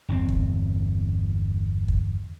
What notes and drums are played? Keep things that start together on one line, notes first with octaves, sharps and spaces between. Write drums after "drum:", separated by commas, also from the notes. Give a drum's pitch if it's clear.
G1 E2 B2 C4
drum: kick
drum: kick